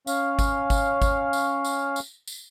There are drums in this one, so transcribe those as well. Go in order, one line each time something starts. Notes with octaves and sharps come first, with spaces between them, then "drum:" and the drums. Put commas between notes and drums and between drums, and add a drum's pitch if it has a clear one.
C#4 F5, drum: tambourine
drum: kick G1, tambourine
drum: kick G1, tambourine
drum: kick G1, tambourine
drum: tambourine
drum: tambourine
drum: tambourine
drum: tambourine